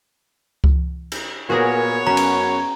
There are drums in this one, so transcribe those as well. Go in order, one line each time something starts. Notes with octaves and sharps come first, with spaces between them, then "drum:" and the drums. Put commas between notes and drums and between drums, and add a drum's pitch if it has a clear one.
drum: kick C#2
drum: cymbal
A#2 B3 F#4 G#4 A#4 C#5
F#2 C#4 A#5
drum: cymbal